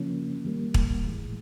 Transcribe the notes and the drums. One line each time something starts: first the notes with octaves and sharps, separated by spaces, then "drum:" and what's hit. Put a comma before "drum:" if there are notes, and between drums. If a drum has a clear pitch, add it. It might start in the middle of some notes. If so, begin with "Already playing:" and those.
Already playing: C#3 F3 A#3 C#4
D#3 G3 A#3
drum: kick
A2 E3 G#3